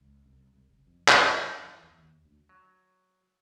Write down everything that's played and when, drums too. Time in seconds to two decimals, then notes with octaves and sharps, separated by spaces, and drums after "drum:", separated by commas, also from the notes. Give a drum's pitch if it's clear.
0.01 C#2
0.26 C2
0.54 C2
0.69 F#1
0.87 F2
1.08 E3, drum: clap
1.26 F#3
1.45 F#2
1.63 E3
1.83 E2
1.99 D#2
2.25 D2
2.49 F#3